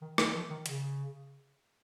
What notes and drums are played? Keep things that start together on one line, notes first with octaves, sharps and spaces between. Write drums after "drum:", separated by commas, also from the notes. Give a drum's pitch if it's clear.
D#3
D#3, drum: rim click
F3
D#3
C#3, drum: hi-hat